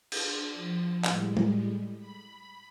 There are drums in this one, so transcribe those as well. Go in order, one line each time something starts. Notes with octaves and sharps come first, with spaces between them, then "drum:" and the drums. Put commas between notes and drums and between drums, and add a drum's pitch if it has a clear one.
D4, drum: cymbal
F3
A2 G3 G#3, drum: clap
drum: tom
B5